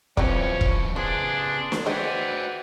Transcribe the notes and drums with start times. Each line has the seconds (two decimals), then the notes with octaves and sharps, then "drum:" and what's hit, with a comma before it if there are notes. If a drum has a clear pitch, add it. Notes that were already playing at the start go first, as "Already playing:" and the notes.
0.17 F#2 E3 F3 C4 C#4 B4 D5 C#6, drum: kick E1
0.61 drum: kick E1
0.96 C#3 F3 B3 D4 G#4 C6
1.72 drum: snare
1.86 E3 F#4 G#4 C5 D5 D#5 F#5 G5